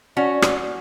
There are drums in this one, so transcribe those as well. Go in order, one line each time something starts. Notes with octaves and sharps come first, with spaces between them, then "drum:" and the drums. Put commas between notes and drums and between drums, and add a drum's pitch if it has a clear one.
C#4 F#4 D5
drum: rim click